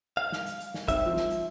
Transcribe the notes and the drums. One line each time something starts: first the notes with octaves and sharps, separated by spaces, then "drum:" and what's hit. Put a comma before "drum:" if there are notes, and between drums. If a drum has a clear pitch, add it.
F5
drum: snare
drum: hi-hat
drum: hi-hat
drum: snare
C4 D#4 E5, drum: kick, hi-hat
F3
drum: snare
drum: hi-hat